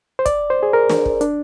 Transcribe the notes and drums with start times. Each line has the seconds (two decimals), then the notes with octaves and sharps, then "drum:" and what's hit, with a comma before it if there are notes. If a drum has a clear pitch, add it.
0.19 C5
0.26 D5, drum: kick, hi-hat
0.50 C5
0.63 G#4
0.73 A#4
0.90 drum: snare
1.05 drum: kick
1.21 D4, drum: hi-hat